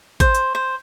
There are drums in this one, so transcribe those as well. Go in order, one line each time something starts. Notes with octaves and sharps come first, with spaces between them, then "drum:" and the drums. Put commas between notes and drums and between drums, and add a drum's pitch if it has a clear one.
C5, drum: kick A1, hi-hat
drum: hi-hat
C5